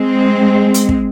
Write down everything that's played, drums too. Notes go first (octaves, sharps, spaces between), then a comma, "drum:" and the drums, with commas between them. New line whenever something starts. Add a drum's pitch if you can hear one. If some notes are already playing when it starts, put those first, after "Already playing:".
Already playing: G#3 C4
drum: hi-hat
drum: kick